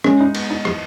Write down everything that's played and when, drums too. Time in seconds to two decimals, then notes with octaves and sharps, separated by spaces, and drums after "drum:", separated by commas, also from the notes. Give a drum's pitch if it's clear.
0.04 G#3 C#4, drum: rim click
0.20 D#4
0.35 B3, drum: cymbal
0.50 D#4
0.65 E3, drum: rim click